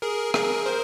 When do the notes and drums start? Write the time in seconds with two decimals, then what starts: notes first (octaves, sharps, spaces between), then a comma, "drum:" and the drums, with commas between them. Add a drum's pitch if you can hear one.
0.02 G#4 A#4
0.34 G#4 A#4, drum: rim click
0.66 A#4 C5